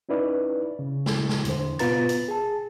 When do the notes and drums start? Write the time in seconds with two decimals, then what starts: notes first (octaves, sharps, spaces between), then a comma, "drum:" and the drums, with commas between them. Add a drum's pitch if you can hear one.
0.09 C#4 D#4 E4 B4 D5
0.79 C#3
1.06 drum: snare
1.29 drum: snare
1.45 E2 D3 C5, drum: hi-hat
1.79 B2 B3 F4 B4 A#5 A6, drum: hi-hat
2.09 drum: hi-hat
2.28 G#4 A5